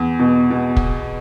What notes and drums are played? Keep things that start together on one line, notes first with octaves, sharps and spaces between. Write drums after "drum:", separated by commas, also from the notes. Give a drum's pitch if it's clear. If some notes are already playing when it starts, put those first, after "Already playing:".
Already playing: E2
B2
B2
drum: kick